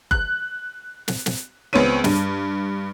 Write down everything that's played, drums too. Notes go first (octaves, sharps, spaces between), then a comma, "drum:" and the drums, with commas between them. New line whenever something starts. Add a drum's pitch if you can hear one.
F#6, drum: kick F#1
drum: snare
drum: snare
C#2 B3 C4 C#5 D#7
G2, drum: snare